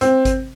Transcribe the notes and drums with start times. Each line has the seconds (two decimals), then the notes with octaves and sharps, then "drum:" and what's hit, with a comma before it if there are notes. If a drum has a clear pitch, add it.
0.01 C4, drum: hi-hat
0.25 drum: kick G#1, hi-hat